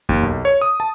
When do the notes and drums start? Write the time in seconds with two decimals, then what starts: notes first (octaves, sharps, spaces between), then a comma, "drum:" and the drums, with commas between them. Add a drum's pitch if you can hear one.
0.09 D#2, drum: kick F2
0.23 B1
0.45 C#5
0.61 D#6
0.80 A5